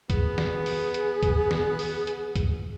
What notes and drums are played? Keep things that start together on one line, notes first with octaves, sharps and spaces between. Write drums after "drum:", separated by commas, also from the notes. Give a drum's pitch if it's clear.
B3 G#4, drum: kick C#2, hi-hat
drum: snare
drum: open hi-hat
drum: hi-hat
drum: kick C#2, hi-hat
drum: snare
drum: open hi-hat
drum: hi-hat
drum: kick C#2, hi-hat